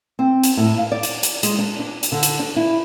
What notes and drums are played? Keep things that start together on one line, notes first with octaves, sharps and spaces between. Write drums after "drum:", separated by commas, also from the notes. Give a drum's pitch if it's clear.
C4
drum: hi-hat
A2
F5
D5
drum: hi-hat
drum: hi-hat
G#3, drum: hi-hat
D4
D4
drum: hi-hat
D3
drum: hi-hat
D4
E4